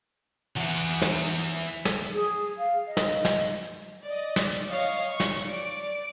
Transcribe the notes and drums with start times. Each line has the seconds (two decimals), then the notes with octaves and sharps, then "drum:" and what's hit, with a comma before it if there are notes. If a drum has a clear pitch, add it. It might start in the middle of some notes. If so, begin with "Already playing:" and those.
0.57 E3 F#5
1.02 drum: snare
1.85 drum: snare
2.13 G#4
2.58 F5
2.87 D#5
2.97 drum: snare
3.25 drum: snare
4.04 D5 D#5
4.36 drum: snare
4.69 C#5 D#5 F5
5.10 C#6
5.20 drum: snare
5.45 D5 D7